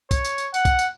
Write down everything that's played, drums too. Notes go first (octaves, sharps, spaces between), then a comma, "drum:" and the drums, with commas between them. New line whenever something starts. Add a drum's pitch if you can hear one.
C#5, drum: kick B1, tambourine
drum: tambourine
drum: tambourine
F#5, drum: tambourine
drum: kick B1, tambourine
drum: tambourine